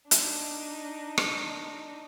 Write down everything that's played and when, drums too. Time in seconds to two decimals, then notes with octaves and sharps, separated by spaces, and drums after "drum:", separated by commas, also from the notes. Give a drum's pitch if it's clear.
0.11 D4 D#4, drum: hi-hat
1.18 drum: rim click